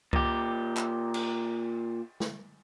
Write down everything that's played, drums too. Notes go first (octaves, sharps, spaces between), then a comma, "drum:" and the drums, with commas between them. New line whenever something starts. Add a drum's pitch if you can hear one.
A#2 G4, drum: kick C2
drum: clap
drum: cymbal
drum: snare